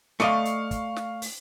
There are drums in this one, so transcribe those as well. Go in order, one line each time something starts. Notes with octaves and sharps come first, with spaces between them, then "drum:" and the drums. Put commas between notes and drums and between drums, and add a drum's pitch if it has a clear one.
A3 D5 D#5 F5 C#6 C#7, drum: snare
drum: hi-hat
drum: kick, hi-hat
drum: snare
drum: open hi-hat